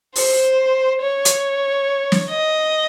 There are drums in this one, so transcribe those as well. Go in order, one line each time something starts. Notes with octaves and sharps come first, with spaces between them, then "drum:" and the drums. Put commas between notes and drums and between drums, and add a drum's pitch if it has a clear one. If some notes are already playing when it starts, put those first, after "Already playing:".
C5, drum: open hi-hat
C#5
drum: hi-hat
drum: snare
D#5